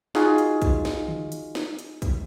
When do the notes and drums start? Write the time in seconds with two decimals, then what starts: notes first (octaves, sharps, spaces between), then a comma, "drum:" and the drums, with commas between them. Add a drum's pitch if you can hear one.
0.15 D#4 F4 F#4 G#4, drum: snare
0.38 drum: hi-hat
0.62 drum: kick, hi-hat
0.85 drum: snare
1.08 drum: tom D3
1.32 drum: hi-hat
1.55 drum: snare
1.79 drum: hi-hat
2.02 drum: kick, hi-hat